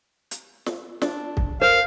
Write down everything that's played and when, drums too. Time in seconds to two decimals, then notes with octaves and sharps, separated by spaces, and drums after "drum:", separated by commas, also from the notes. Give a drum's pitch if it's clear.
0.31 drum: hi-hat
0.66 drum: snare
1.02 D4, drum: snare
1.37 drum: kick
1.61 A#4 C5 F5